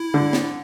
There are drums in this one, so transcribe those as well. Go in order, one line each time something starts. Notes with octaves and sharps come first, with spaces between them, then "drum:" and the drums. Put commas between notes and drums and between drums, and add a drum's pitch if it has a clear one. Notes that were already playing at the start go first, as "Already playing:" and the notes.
Already playing: E4
D3
drum: snare